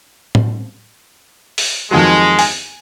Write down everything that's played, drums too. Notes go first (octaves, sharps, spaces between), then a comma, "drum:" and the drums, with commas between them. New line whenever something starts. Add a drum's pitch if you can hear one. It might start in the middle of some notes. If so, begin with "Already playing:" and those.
drum: tom A2
drum: open hi-hat
F2 D#3 F#3 G#3
G#5, drum: open hi-hat